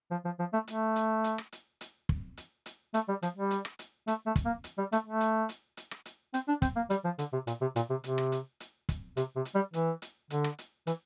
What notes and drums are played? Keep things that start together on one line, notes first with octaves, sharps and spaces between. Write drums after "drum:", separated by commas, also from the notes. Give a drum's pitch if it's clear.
F3
F3
F3
A3
A3, drum: hi-hat
drum: hi-hat
drum: hi-hat
drum: rim click
drum: hi-hat
drum: hi-hat
drum: kick
drum: hi-hat
drum: hi-hat
A3, drum: hi-hat
G3
F3, drum: hi-hat
G3
drum: hi-hat
drum: rim click
drum: hi-hat
A3, drum: hi-hat
A3
drum: kick, hi-hat
A#3
drum: hi-hat
G3
A3, drum: hi-hat
A3
drum: hi-hat
drum: hi-hat
drum: hi-hat
drum: rim click
drum: hi-hat
C4, drum: hi-hat
D4
C4, drum: kick, hi-hat
A#3
G3, drum: hi-hat
F3
D3, drum: hi-hat
C3
A#2, drum: hi-hat
C3
A#2, drum: hi-hat
C3
C3, drum: hi-hat
drum: rim click
drum: hi-hat
drum: hi-hat
drum: kick, hi-hat
C3, drum: hi-hat
C3
drum: hi-hat
G3
E3, drum: hi-hat
drum: hi-hat
D3, drum: hi-hat
drum: rim click
drum: hi-hat
E3, drum: hi-hat